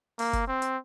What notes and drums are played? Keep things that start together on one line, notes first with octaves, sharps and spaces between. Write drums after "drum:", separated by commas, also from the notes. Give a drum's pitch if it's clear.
A#3, drum: open hi-hat
drum: kick F#1, hi-hat
C4
drum: hi-hat